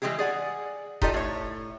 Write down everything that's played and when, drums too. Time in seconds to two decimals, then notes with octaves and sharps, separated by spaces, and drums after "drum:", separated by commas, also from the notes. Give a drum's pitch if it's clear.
0.02 E3 G3 G#3 G4 G#4
0.19 G#4 D5 F#5 G#5
1.02 D#4 F4 G4 A4 D5 D#5, drum: kick E1
1.14 A2 C#5